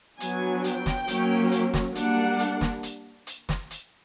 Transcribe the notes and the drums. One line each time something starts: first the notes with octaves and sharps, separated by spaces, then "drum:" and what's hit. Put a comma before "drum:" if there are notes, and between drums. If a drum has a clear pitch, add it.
F#3 B3 D4 G#5, drum: hi-hat
G5, drum: hi-hat
drum: snare
F#3 A#3 C#4, drum: hi-hat
drum: hi-hat
drum: snare
G3 A#3 D4 F#5, drum: hi-hat
drum: hi-hat
drum: snare
drum: hi-hat
drum: hi-hat
drum: snare
drum: hi-hat